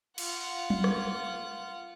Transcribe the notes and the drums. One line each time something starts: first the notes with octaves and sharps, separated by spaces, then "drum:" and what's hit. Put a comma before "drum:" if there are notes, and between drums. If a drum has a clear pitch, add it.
F4 F#5, drum: cymbal
drum: tom
drum: rim click